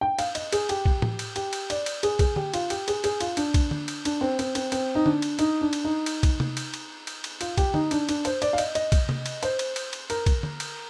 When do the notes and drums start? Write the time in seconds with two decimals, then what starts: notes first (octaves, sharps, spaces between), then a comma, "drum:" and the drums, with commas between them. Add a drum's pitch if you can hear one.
0.01 G5
0.19 F5, drum: cymbal
0.35 D#5, drum: cymbal
0.52 G#4, drum: cymbal
0.69 G4, drum: cymbal
0.85 drum: kick
1.02 drum: tom A2
1.19 drum: cymbal
1.36 G4, drum: cymbal
1.53 drum: cymbal
1.70 D5, drum: cymbal
1.86 drum: cymbal
2.03 G#4, drum: cymbal
2.19 G#4, drum: kick, cymbal
2.36 G4, drum: tom D3
2.54 F4, drum: cymbal
2.70 G4, drum: cymbal
2.88 G#4, drum: cymbal
3.04 G#4, drum: cymbal
3.20 F4, drum: cymbal
3.37 D4, drum: cymbal
3.54 drum: kick, cymbal
3.71 drum: tom D3
3.88 drum: cymbal
4.05 D4, drum: cymbal
4.21 C4
4.39 C4, drum: cymbal
4.55 C4, drum: cymbal
4.72 C4, drum: cymbal
4.95 D#4
5.06 D4, drum: tom D3
5.22 drum: cymbal
5.39 D#4, drum: cymbal
5.61 D4
5.73 drum: cymbal
5.84 D#4
6.06 drum: cymbal
6.23 drum: kick, cymbal
6.40 drum: tom C3
6.57 drum: cymbal
6.74 drum: cymbal
7.07 drum: cymbal
7.24 drum: cymbal
7.41 F4, drum: cymbal
7.58 G4, drum: kick, cymbal
7.74 D#4, drum: tom D3
7.91 D4, drum: cymbal
8.09 D4, drum: cymbal
8.25 C5, drum: cymbal
8.42 D5, drum: cymbal
8.53 F5
8.58 D#5, drum: cymbal
8.75 D#5, drum: cymbal
8.92 drum: kick, cymbal
9.09 drum: tom C3
9.26 drum: cymbal
9.43 C5, drum: cymbal
9.59 drum: cymbal
9.76 drum: cymbal
9.93 drum: cymbal
10.10 A#4, drum: cymbal
10.26 drum: kick, cymbal
10.43 drum: tom D3
10.60 drum: cymbal